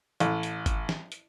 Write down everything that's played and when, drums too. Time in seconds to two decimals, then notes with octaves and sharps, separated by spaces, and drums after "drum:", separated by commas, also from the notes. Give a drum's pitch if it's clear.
0.20 A1, drum: hi-hat
0.43 drum: hi-hat
0.66 drum: kick G1, hi-hat
0.89 drum: snare
1.12 drum: hi-hat